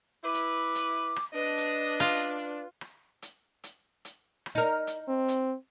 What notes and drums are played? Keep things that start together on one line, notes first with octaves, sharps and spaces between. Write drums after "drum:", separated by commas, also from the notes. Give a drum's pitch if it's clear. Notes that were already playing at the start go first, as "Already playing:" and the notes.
E4 B4 D6
drum: hi-hat
drum: hi-hat
drum: rim click
D4 B4 D#5
drum: hi-hat
F4, drum: hi-hat
drum: rim click
drum: hi-hat
drum: hi-hat
drum: hi-hat
drum: rim click
D#4 A#4
drum: hi-hat
C4
drum: hi-hat